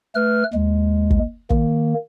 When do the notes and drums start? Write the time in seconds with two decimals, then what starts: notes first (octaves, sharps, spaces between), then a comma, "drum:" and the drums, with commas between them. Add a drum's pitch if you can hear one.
0.15 A3 B4 F6
0.54 D#2 G#3
1.11 drum: kick
1.50 D#3 A#3, drum: kick